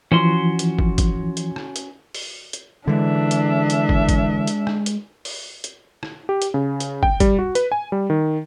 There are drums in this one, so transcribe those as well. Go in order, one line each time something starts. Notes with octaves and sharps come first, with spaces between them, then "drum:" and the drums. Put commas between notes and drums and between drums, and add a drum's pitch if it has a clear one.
E3 F3 C#4 F#4 C6
drum: hi-hat
drum: kick
drum: kick, hi-hat
drum: hi-hat
drum: rim click
drum: hi-hat
drum: open hi-hat
drum: hi-hat
D3 E3 G#3 D4 E5
drum: hi-hat
drum: hi-hat
drum: kick
drum: kick, hi-hat
drum: hi-hat
drum: rim click
drum: hi-hat
drum: open hi-hat
drum: hi-hat
drum: rim click
G4
drum: hi-hat
C#3
drum: hi-hat
G5, drum: kick
G3, drum: kick, hi-hat
F#4
B4, drum: hi-hat
G#5
G3
D#3